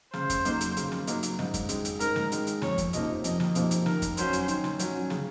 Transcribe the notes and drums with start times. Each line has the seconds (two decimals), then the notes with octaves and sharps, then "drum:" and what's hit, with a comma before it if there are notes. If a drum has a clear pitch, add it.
0.13 C#3 C5, drum: snare
0.30 drum: kick F2, hi-hat
0.45 F#3 A#3 D#4, drum: hi-hat
0.61 drum: hi-hat
0.77 C#3, drum: hi-hat
0.92 drum: snare
1.07 F#3 A#3 D#4, drum: hi-hat
1.23 drum: hi-hat
1.39 G#2, drum: snare
1.54 drum: kick F2, hi-hat
1.69 D#3 G#3, drum: hi-hat
1.85 drum: hi-hat
2.00 G#2 A#4, drum: hi-hat
2.16 drum: snare
2.32 D#3 G#3, drum: hi-hat
2.47 drum: hi-hat
2.62 F2 C#5, drum: snare
2.78 drum: kick F2, hi-hat
2.93 C3 F3 A#3 D#4 D#5, drum: hi-hat
3.24 F2 D#5, drum: hi-hat
3.40 drum: snare
3.55 C3 F3 A#3 D#4, drum: hi-hat
3.71 drum: hi-hat
3.86 D#3 A#4, drum: snare
4.02 drum: kick F2, hi-hat
4.17 F#3 C#4 F#4 C5, drum: hi-hat
4.33 drum: hi-hat
4.48 D#3, drum: hi-hat
4.64 drum: snare
4.79 F#3 C#4 F#4, drum: hi-hat
5.10 C#3, drum: snare